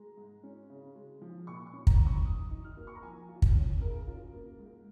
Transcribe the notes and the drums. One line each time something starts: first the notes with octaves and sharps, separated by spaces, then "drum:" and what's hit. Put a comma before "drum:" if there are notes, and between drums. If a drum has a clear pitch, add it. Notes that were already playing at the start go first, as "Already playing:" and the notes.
Already playing: G#3 A#5
G#2
C#4
C#3
G#3
F3
A#2 C#6
C#6
C#4
A#5, drum: kick
F3
C#6
D#3 D#6
D#4
F6
A#3
C#6
A#5
F3 G#5
F4
drum: kick
C#4
C#3 A#4
F4
A#3
G#2